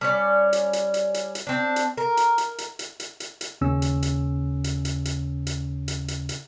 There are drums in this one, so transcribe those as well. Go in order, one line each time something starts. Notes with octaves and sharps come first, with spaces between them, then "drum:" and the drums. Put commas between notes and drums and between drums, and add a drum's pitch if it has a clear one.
G3 C#4 D5
drum: hi-hat
drum: hi-hat
drum: hi-hat
drum: hi-hat
drum: hi-hat
C4 D4
drum: hi-hat
A#4
drum: hi-hat
drum: hi-hat
drum: hi-hat
drum: hi-hat
drum: hi-hat
drum: hi-hat
drum: hi-hat
D#2 C#3 C#4 E6
drum: hi-hat
drum: hi-hat
drum: hi-hat
drum: hi-hat
drum: hi-hat
drum: hi-hat
drum: hi-hat
drum: hi-hat
drum: hi-hat